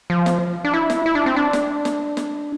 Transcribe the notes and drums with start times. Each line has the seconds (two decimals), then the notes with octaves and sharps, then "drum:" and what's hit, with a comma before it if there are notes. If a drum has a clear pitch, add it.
0.10 F3
0.26 drum: snare
0.65 D4
0.74 E4
0.90 drum: snare
1.06 E4
1.15 D4
1.26 C4
1.36 D4
1.53 drum: snare
1.85 drum: snare
2.17 drum: snare